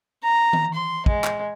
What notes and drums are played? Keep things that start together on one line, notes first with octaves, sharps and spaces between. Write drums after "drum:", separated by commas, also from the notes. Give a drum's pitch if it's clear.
A#5
drum: tom D#3
C6
G#3, drum: kick
drum: clap